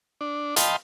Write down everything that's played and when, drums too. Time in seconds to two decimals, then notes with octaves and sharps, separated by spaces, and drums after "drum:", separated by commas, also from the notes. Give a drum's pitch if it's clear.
0.21 D4
0.56 D#5 F5 G5 A5 B5 C6, drum: hi-hat